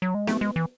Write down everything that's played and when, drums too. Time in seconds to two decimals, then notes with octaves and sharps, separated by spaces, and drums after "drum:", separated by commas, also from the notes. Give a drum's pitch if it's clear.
0.02 F#3
0.15 G#3
0.27 A3, drum: snare B3
0.41 G#3
0.56 E3